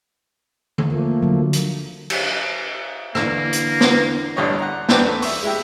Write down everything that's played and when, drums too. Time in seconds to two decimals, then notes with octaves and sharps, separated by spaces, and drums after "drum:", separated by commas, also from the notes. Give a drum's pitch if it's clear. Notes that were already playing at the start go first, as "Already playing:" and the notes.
0.78 drum: tom D3
0.92 F3 A3 A#3
1.22 D3 F#3
1.53 drum: hi-hat
2.10 drum: cymbal
3.15 D3 E3 A#3, drum: rim click
3.53 drum: hi-hat
3.81 drum: snare
4.36 A1 G2 D3 D4 C#5 D#5
4.59 F#5 A#5
4.89 A1 E3 C4 D4 G4 D6, drum: snare
5.08 A3
5.22 E5 C#6, drum: open hi-hat
5.43 G#3 E4 G4